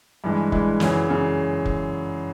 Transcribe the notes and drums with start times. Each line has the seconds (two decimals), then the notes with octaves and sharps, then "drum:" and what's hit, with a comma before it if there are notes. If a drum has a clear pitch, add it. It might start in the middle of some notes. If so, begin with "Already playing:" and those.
0.24 G2 E3 G#3
0.52 G2 E3 G#3, drum: kick
0.80 F#2 C#3 E3, drum: snare
1.09 C#3 E3
1.65 drum: kick